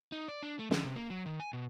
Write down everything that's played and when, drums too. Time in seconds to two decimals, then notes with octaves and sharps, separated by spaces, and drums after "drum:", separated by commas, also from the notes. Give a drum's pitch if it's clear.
0.12 D#4
0.28 D5
0.43 D4
0.59 A3
0.71 D3, drum: snare
0.84 C3
0.96 A#3
1.10 F#3
1.26 D#3
1.40 G#5
1.53 B2